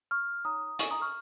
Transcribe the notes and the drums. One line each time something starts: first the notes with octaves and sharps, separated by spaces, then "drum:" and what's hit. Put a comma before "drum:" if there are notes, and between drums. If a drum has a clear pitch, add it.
C#6 F6
D#4 C#5 A#5 D#6
G#5 C#6, drum: hi-hat
A#5 D#6
C#6 F6